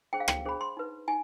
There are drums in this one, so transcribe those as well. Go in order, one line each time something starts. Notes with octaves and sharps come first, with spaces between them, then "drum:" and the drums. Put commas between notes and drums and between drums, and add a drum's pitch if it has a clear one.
D4 G#4 C5 G5
F5
G5, drum: rim click
D4 G#4 C5 B5
C6
D#4 B4
D#4 G#5